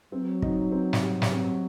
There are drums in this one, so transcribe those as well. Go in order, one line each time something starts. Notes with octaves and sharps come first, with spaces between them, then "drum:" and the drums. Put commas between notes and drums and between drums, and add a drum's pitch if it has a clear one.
F#3 C4
D#4, drum: kick
C4
drum: snare
G3
drum: snare
C4